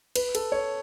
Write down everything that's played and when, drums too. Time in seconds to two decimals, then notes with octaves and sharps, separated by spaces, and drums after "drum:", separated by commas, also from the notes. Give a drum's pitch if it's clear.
0.16 B4, drum: cymbal
0.35 A4, drum: cymbal
0.52 C#5